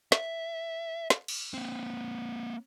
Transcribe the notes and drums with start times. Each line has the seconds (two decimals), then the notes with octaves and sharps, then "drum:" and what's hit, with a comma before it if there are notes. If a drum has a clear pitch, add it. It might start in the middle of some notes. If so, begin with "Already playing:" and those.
0.12 E5, drum: snare
1.10 drum: snare
1.28 drum: cymbal
1.54 A#3 C4